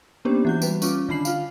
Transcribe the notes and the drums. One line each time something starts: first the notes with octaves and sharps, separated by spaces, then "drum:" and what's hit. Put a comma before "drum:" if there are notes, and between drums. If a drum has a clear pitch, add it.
A#3 B3 C#4 D4 G4 C5
E3 F#4 G6
G3 B4, drum: tambourine
C#4 F4 D6, drum: tambourine
D3 D#3 D4 B5 C7 F#7
F4 F5, drum: tambourine